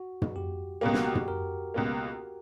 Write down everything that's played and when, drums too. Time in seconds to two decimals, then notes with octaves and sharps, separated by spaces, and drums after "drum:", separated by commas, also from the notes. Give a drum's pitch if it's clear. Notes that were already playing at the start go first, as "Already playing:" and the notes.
Already playing: F#4
0.22 drum: tom
0.36 G4
0.81 C#2 B2 A#3 G4
0.94 F#4, drum: snare
1.06 G4
1.15 drum: tom
1.28 A#4
1.74 C#2 B2 A#3